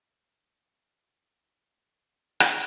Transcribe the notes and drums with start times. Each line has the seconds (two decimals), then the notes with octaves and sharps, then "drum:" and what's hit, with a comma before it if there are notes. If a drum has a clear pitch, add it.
0.03 D#4 E4 C#5 D5
2.40 drum: rim click